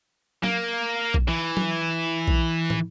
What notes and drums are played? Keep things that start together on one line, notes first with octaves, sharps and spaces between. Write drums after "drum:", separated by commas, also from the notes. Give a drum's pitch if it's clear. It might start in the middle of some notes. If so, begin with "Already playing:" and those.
A#3, drum: tom F#3
drum: kick A#1
E3
drum: tom F#3
drum: kick A#1
drum: tom